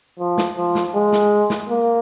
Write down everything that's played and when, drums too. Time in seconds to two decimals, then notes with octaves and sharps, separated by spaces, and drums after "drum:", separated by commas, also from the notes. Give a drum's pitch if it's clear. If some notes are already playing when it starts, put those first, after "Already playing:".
0.19 F3
0.38 drum: snare
0.57 F3
0.75 drum: snare
0.94 G#3
1.13 drum: snare
1.50 drum: snare
1.69 A#3